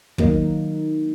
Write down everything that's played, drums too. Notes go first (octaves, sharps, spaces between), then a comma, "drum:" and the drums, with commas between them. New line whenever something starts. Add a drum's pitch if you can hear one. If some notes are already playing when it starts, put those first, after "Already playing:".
D#3 F#3 A#3 D#4, drum: kick